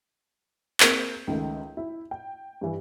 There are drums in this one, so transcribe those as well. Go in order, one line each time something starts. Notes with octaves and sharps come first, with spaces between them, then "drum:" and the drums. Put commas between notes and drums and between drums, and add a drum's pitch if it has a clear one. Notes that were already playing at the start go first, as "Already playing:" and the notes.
A#3 C4 G#4 G6, drum: clap
C#2 D#3 A3
E4
G5
G2 E3